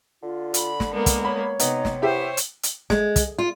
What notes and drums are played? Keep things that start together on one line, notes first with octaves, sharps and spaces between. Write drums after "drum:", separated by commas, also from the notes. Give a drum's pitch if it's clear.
D3 F4
B5, drum: hi-hat
drum: snare
G#3 A#3 B3 A#4
drum: kick, hi-hat
C#5 B5
C3 B3 D#4, drum: hi-hat
drum: snare
B3 E4 G4 C5 C#5 E5
drum: hi-hat
drum: hi-hat
G#3, drum: snare
drum: kick, hi-hat
F4